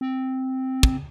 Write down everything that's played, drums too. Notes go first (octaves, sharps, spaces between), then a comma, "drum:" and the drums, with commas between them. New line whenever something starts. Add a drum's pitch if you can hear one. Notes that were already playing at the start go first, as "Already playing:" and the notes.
C4
drum: kick